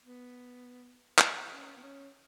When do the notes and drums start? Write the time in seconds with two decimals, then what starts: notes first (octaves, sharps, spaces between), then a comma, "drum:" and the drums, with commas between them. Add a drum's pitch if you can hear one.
0.04 B3
1.18 drum: clap
1.48 C#4
1.76 B3
1.83 C#4